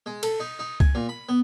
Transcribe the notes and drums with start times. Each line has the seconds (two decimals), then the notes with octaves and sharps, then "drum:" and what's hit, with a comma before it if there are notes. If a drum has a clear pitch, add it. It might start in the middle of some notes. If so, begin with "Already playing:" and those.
0.06 G#3
0.23 A4, drum: cymbal
0.40 D#4
0.59 D#4
0.80 G#5, drum: kick
0.95 A#2
1.09 B5
1.29 B3